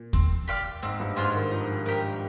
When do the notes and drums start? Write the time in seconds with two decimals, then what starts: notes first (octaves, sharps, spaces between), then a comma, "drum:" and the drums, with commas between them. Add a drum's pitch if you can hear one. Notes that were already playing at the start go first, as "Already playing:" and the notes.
Already playing: A#2
0.13 C4, drum: kick
0.48 G4 D5 F5
0.83 G#2 C4
1.00 G2
1.16 G#2 F4 G#4 C5
1.34 D#3
1.51 F3 D#4
1.86 G4 A#4